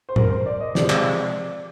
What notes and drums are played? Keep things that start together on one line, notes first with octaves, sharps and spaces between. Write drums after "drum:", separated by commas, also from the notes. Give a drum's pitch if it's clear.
C5
A#4, drum: tom
C5
D5
D#5
C3 F3 G#3 D5, drum: snare
drum: clap